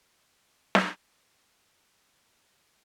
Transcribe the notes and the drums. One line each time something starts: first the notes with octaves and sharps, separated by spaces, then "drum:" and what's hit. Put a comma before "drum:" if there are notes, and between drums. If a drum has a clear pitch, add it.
A2 C3
drum: snare
F4
F#2 A#3